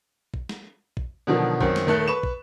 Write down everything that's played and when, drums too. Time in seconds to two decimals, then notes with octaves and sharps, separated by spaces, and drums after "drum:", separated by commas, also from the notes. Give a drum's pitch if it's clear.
0.34 drum: kick
0.49 drum: snare
0.97 drum: kick
1.27 B2 D3 D#3 F3 F#3
1.61 F#2 D#3 C4, drum: kick
1.76 drum: snare
1.86 D#1 D#3 A3 A4 F#6
2.08 B4 C#6 E7
2.23 drum: kick